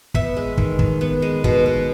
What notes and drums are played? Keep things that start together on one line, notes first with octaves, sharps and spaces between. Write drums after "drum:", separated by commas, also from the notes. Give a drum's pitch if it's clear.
B3 E5, drum: kick
G#3
D#3, drum: kick
D#3, drum: kick
B3
G#3
B2, drum: kick
B2